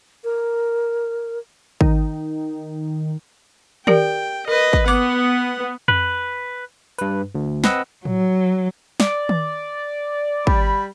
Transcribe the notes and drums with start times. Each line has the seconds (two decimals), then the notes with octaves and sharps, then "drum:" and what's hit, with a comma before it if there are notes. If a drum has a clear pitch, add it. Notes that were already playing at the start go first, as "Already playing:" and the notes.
0.24 A#4
1.81 D#3, drum: kick
3.87 G4 A#4 D5 G5, drum: tom D#3
4.48 A#4 B4 D#5
4.73 drum: kick
4.88 B3 F#5 D6, drum: tambourine
5.88 B4, drum: tom F2
6.98 G2 B4, drum: hi-hat
7.35 D2
7.64 C4 B4 D#5 F#5 E6, drum: snare
8.05 F#3, drum: tom A2
9.00 D5, drum: snare
9.29 drum: tom D#3
10.47 G3 B5, drum: kick